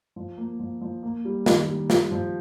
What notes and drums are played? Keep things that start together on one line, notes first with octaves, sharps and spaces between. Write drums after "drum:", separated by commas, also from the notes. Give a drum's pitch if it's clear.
F3
A#3
F3
F3
A#3
G3
D#3, drum: snare
G3
F4, drum: snare
F3